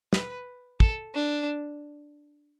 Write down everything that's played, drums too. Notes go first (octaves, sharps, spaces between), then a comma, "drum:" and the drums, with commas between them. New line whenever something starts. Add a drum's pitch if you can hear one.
B4, drum: snare
A4, drum: kick
D4